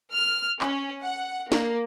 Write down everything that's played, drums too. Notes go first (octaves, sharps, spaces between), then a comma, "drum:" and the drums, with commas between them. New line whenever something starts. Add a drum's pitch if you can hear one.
F6
C#4, drum: clap
F#5
A#3, drum: snare